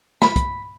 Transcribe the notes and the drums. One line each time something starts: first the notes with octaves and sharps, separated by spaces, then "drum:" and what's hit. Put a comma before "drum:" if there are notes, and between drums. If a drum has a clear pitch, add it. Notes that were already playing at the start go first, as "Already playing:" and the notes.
B5, drum: snare
drum: kick, hi-hat